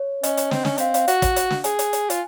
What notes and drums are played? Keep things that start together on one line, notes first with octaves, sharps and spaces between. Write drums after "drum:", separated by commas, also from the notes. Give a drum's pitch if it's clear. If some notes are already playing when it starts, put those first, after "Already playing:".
Already playing: C#5
C#4 D#5, drum: hi-hat
drum: hi-hat
C4, drum: snare
C#4, drum: snare
C4 F5, drum: hi-hat
F5, drum: hi-hat
F#4 F#5, drum: hi-hat
drum: kick, hi-hat
drum: hi-hat
drum: snare
G#4 G#5, drum: hi-hat
drum: hi-hat
drum: hi-hat
F4, drum: hi-hat